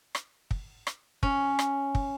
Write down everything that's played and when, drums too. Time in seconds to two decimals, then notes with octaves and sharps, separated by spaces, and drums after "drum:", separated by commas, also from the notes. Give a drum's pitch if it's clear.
0.15 drum: rim click
0.51 drum: kick
0.87 drum: rim click
1.23 C#4, drum: kick
1.59 drum: rim click
1.95 drum: kick